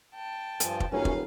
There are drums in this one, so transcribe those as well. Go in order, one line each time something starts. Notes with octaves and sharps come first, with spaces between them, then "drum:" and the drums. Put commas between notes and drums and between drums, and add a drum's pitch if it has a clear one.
G5 A5
G2 F3 G#5, drum: hi-hat
drum: kick
D#1 F#2 F#3 C#4 D#4 B4 F5
drum: kick